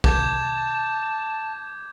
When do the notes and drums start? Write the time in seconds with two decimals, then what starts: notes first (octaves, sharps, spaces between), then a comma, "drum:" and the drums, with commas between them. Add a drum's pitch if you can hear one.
0.04 A5 D6 G6 G#6, drum: kick